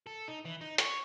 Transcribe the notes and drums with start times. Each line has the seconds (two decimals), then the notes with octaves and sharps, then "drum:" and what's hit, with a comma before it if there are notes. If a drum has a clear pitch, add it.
0.07 A4
0.28 D#4
0.45 E3
0.61 D#4
0.78 C#5, drum: hi-hat